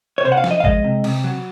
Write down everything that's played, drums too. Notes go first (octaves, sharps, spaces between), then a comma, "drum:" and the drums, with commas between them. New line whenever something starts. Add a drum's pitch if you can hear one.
C#5
C3 C5
F#5
F5
F3, drum: snare
D#5
F5
G#3 D#5, drum: kick G#1
C3
C3, drum: cymbal
F#3